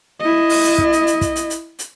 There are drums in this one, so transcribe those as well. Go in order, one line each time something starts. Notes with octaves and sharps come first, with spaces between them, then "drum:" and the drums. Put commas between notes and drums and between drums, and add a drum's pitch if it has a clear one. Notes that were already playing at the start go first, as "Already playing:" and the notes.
E4 D#5
drum: open hi-hat
drum: hi-hat
drum: kick
drum: hi-hat
drum: hi-hat
drum: kick, hi-hat
drum: hi-hat
drum: hi-hat
drum: hi-hat